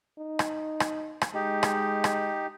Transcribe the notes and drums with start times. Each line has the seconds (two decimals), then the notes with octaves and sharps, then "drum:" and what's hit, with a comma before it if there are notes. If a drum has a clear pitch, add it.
0.18 D#4
0.39 drum: rim click
0.80 drum: rim click
1.21 drum: rim click
1.34 G#3 D#4 G4
1.63 drum: rim click
2.04 drum: rim click